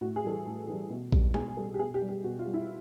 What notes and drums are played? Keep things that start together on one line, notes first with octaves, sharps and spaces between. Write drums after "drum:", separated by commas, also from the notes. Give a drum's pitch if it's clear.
A2 F#4
G#4
E3 G3 A4
G#4
A2
E3 G3
B2
G3, drum: kick A#1
B2 G#4, drum: tom G3
G3 A4
G4
B2 G#4
G4
G3
G4
B2 F#4
F4
G3
E4